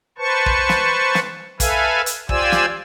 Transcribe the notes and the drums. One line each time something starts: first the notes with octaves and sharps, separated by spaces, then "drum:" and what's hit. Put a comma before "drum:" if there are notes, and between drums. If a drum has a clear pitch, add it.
B4 C5 A5 C#6
drum: kick
drum: snare
drum: snare
A4 B4 E5 F5 G#5, drum: kick, hi-hat
drum: hi-hat
F4 G4 C5 D5 G#5 E6, drum: kick
drum: snare